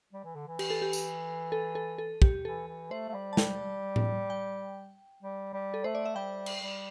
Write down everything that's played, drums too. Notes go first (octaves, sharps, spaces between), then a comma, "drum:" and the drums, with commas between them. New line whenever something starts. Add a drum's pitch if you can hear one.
G3
E3
D3
E3
G4, drum: cymbal
A4
G4
drum: tambourine
A4
A4
A4
G4, drum: kick
E3 A4
E3
A3 C5
A3
G3
A5
G5, drum: snare
drum: tom A2
G5
G3
G3
A4
A3 C5
D5
E5
G3 G5
drum: cymbal
G3